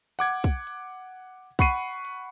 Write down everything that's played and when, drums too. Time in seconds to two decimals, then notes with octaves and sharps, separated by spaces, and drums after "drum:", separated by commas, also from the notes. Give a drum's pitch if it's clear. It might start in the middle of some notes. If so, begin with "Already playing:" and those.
0.19 F#5 D6 G#6, drum: hi-hat
0.44 drum: kick
0.67 drum: hi-hat
1.59 F#5 B5 C#6 C7 D#7, drum: kick, hi-hat
2.05 drum: hi-hat